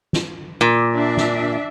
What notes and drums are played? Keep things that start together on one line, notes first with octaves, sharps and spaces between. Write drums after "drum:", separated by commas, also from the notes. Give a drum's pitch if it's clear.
drum: snare
A#2
D4 E5
drum: snare